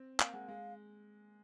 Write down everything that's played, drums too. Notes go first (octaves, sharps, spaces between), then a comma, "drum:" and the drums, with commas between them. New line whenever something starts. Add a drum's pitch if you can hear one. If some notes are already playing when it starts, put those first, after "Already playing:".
Already playing: C4
A#3 F5, drum: clap
G#3 F#5
G#3 F5